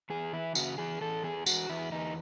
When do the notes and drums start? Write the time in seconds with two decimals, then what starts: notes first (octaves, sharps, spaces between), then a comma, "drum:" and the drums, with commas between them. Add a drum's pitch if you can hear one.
0.10 E2 G#4
0.33 E3 E4
0.55 C#3 F#4, drum: tambourine
0.78 E3 G#4
1.01 E3 A4
1.24 E2 G#4
1.46 E2 F#4, drum: tambourine
1.70 E2 E4
1.92 E2 D#4